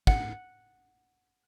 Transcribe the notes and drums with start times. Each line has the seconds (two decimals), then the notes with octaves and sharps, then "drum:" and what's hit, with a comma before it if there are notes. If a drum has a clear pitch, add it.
0.07 F#5, drum: kick